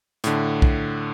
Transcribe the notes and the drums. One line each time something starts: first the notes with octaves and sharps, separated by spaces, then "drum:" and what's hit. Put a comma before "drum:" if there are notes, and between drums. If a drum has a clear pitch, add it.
A2 D3, drum: hi-hat
drum: kick B1